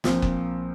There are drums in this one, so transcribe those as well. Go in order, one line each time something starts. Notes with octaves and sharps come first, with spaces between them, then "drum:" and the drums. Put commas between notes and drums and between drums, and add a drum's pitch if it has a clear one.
A#1 A#2 F3 C4, drum: snare
drum: kick F#1